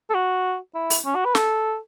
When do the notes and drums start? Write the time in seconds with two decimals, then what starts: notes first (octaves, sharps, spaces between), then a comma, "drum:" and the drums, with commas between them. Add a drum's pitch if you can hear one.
0.10 A4
0.14 F#4
0.75 E4
0.90 drum: open hi-hat
1.05 C#4
1.15 F#4
1.25 B4
1.35 A4, drum: snare